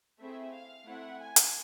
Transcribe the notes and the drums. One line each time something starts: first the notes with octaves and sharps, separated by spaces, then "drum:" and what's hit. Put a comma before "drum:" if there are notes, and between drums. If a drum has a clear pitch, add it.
A3 C4 E4 G#4 E5
F5
A3 C4 E4 F#5
G#5
drum: hi-hat